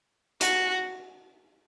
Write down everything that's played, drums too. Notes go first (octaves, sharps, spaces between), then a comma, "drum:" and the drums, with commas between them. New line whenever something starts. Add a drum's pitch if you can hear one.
F#4, drum: hi-hat